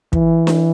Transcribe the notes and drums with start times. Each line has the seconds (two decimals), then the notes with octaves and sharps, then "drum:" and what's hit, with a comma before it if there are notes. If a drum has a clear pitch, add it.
0.13 E3, drum: kick
0.47 drum: snare D4